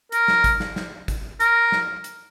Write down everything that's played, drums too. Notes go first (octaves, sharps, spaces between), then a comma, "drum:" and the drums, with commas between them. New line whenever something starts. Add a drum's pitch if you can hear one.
A#4, drum: hi-hat
drum: snare
drum: kick, hi-hat
drum: snare
drum: snare
drum: kick, hi-hat
A#4, drum: hi-hat
drum: snare
drum: hi-hat